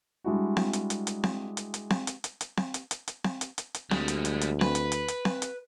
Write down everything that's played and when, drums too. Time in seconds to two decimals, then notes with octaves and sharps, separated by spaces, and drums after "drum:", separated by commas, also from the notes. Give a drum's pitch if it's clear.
0.24 G3 G#3 D4 E4 F#4
0.57 drum: snare C4
0.73 drum: hi-hat
0.90 drum: hi-hat
1.07 drum: hi-hat
1.24 drum: snare C4
1.57 drum: hi-hat
1.74 drum: hi-hat
1.90 drum: snare C4
2.07 drum: hi-hat
2.24 drum: hi-hat
2.41 drum: hi-hat
2.57 drum: snare C4
2.74 drum: hi-hat
2.91 drum: hi-hat
3.08 drum: hi-hat
3.24 drum: snare C4
3.41 drum: hi-hat
3.58 drum: hi-hat
3.74 drum: hi-hat
3.91 D2 G3 G#3, drum: snare C4
4.08 drum: hi-hat
4.25 drum: hi-hat
4.41 drum: hi-hat
4.61 B4, drum: snare C4
4.75 drum: hi-hat
4.92 drum: hi-hat
5.08 drum: hi-hat
5.25 drum: snare C4
5.42 drum: hi-hat